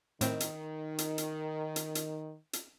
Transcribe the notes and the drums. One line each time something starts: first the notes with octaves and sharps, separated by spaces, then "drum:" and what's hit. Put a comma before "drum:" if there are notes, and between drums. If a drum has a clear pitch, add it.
A2 D#3 C4, drum: hi-hat
drum: hi-hat
drum: hi-hat
drum: hi-hat
drum: hi-hat
drum: hi-hat
drum: hi-hat